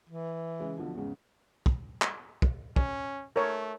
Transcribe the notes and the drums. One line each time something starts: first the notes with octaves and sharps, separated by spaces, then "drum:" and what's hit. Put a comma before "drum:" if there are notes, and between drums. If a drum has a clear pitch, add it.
E3
C#3 G#3
B1 D3 F3
E2 G#2 C#3
drum: kick
drum: clap
drum: kick
C#4, drum: kick
A3 A#4 C#5